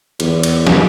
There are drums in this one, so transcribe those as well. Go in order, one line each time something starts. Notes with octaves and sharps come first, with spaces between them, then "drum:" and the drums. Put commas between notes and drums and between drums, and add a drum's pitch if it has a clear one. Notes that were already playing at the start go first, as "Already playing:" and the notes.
E2, drum: cymbal
drum: cymbal
drum: snare